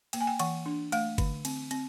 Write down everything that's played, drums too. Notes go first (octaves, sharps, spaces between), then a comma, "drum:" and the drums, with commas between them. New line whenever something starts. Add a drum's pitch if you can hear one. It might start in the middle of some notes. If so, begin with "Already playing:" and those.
A#3 G5, drum: cymbal
G#5
G5
E3 F#5, drum: cymbal
D4
A3 F5, drum: cymbal
D3, drum: kick G1, cymbal
C4, drum: cymbal
C4, drum: cymbal